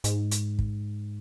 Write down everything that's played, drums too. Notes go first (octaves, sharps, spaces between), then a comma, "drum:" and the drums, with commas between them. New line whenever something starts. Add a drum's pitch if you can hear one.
G#2, drum: hi-hat
drum: hi-hat
drum: kick